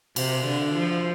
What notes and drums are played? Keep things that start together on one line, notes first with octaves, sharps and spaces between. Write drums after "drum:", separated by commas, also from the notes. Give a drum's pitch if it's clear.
C3, drum: cymbal
D3
F3